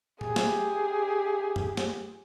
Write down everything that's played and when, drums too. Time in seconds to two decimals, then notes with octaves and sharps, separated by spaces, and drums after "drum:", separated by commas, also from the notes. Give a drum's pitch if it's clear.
0.21 G4 G#4, drum: tom
0.36 drum: snare
1.56 drum: tom
1.77 drum: snare